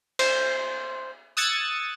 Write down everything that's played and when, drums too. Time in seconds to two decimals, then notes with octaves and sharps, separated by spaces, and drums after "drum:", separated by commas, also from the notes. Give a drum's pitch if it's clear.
0.19 C5, drum: cymbal
1.37 D#6 E6 F#6 G#6 A6 C#7